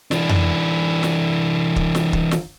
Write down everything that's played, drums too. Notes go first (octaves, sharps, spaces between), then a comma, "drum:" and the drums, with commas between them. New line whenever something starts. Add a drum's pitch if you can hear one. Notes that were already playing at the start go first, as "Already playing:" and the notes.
E3 D4, drum: snare
drum: tom F2
drum: snare
drum: kick
drum: snare
drum: kick
drum: snare